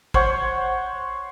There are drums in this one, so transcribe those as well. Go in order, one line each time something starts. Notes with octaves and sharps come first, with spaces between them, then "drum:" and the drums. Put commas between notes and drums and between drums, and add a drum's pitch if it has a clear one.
C5 C#5 F#5 C#6, drum: kick